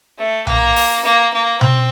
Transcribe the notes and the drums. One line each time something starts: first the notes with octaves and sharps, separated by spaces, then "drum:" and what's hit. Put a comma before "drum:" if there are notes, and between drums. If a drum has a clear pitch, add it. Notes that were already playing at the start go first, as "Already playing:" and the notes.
A3
A#3, drum: tom B1
drum: open hi-hat
A#3
A#3
C4, drum: tom B2